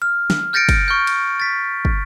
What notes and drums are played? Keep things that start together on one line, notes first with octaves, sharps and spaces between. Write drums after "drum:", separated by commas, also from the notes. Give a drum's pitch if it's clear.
F6
drum: snare
F6 G6 A6 A#6 C#7 D7
drum: kick, cymbal
C#6 F6 G6
drum: cymbal
A6 B6
drum: kick